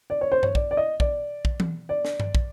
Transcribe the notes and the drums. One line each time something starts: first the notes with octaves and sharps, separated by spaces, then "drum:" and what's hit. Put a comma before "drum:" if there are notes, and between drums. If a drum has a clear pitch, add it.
D5
C#5
C5
C#5, drum: tom G2
D5, drum: kick
D5
D#5
D5, drum: kick
drum: kick
drum: tom E3
D5
drum: snare
drum: tom G2
drum: kick